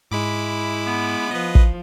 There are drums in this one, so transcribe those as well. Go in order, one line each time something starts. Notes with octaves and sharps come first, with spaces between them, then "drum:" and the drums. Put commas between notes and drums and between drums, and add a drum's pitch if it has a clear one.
G#2 G#3 E4 B5 D6
B3
F3 B4 D#5
drum: kick